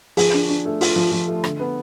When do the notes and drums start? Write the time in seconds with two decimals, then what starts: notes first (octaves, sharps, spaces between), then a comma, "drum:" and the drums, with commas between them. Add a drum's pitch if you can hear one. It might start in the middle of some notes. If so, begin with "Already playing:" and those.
0.17 F3 G#4, drum: open hi-hat
0.33 D4
0.49 D4
0.65 A3
0.81 F4, drum: open hi-hat
0.96 F3
1.12 F3
1.27 A3
1.44 D3, drum: rim click
1.59 B3